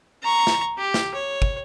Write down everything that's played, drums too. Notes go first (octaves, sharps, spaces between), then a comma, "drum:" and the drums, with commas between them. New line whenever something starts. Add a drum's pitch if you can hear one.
A#5 C#6
drum: snare
G4
drum: snare
C#5
drum: kick